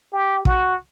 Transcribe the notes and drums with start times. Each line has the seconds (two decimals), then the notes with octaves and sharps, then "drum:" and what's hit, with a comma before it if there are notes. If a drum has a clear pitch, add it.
0.13 G4
0.45 F#4, drum: kick